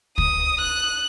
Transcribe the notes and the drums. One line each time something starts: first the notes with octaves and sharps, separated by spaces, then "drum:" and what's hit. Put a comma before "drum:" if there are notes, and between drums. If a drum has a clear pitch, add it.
D#6, drum: kick
F#6